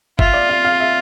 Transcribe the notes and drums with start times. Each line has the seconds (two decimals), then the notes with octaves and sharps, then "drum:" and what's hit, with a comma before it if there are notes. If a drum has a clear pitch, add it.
0.19 F4 E5, drum: kick
0.34 D5
0.49 F5
0.65 F5
0.80 E5